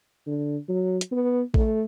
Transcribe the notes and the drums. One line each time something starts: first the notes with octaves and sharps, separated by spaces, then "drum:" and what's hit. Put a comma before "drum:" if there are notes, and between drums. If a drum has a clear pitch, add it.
D3
F#3
drum: hi-hat
B3
A3, drum: kick A1